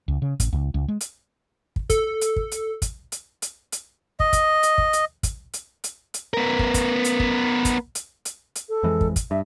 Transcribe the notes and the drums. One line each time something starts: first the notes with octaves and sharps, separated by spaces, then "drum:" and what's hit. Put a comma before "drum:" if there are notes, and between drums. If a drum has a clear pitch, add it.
C#2
C#3
A1, drum: kick, hi-hat
C#2
C#2
G#3
drum: hi-hat
drum: kick
A4, drum: kick, hi-hat
drum: hi-hat
drum: kick
drum: hi-hat
drum: kick, hi-hat
drum: hi-hat
drum: hi-hat
drum: hi-hat
D#5, drum: kick
drum: kick, hi-hat
drum: hi-hat
drum: kick
drum: hi-hat
drum: kick, hi-hat
drum: hi-hat
drum: hi-hat
drum: hi-hat
B3 A#4
drum: kick
drum: kick, hi-hat
drum: hi-hat
drum: kick
drum: kick, hi-hat
drum: hi-hat
drum: hi-hat
drum: hi-hat
A4
F2 E3 G#3
drum: kick
drum: kick, hi-hat
G2 E5